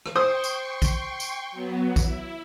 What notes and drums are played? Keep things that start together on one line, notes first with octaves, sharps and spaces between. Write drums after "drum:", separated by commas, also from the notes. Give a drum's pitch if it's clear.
drum: rim click
C5 G5 C6 C#6 D#6
drum: tambourine
drum: kick, tambourine
drum: tambourine
F#3 B3
E4, drum: kick, tambourine